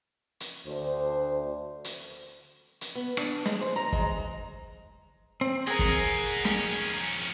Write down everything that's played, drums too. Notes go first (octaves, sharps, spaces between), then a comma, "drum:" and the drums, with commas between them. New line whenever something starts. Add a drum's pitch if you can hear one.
drum: hi-hat
D2 D4 C5
drum: hi-hat
drum: hi-hat
B3
D4, drum: rim click
G#3, drum: snare
C5
A#5
G#3, drum: kick
C4
G#4 A#4 D#5 F#5
drum: kick
F2 C#4, drum: snare